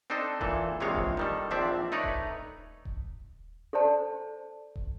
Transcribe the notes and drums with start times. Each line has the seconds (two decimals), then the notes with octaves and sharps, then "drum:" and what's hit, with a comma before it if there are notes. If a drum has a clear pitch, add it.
0.10 C4 D4 D#4 A4 C5
0.41 A#2 E3 A4, drum: kick D#1
0.80 A#1 C3 E3 G#3 C#5 F5
0.95 drum: kick D#1
1.17 D#3 G3 A4
1.51 A#1 F3 C4 D4 D5 E5
1.92 A3 D#4 B4 C#5 D5
2.04 drum: kick D#1
2.85 drum: kick D#1
3.73 A4 C5 D5 A5
4.76 drum: kick D#1